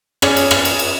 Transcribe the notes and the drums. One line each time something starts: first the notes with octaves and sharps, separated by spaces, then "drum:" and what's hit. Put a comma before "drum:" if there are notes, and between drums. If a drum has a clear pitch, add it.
C#4 G#4 C#5 D5 G#5, drum: rim click
drum: cymbal
drum: rim click
drum: cymbal
drum: cymbal